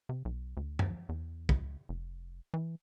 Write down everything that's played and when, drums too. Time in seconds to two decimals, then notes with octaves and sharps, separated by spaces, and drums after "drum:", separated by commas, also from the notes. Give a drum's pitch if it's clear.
0.09 C3
0.25 B1
0.57 D2
0.79 drum: tom F#2
1.09 E2
1.49 C#2, drum: kick
1.89 F1
2.54 E3